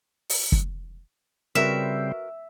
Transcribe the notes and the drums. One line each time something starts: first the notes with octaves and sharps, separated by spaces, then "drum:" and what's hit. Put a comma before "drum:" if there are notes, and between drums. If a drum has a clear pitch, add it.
drum: open hi-hat
drum: kick
C#3 G3 C4 F#4 A#4 B4 E5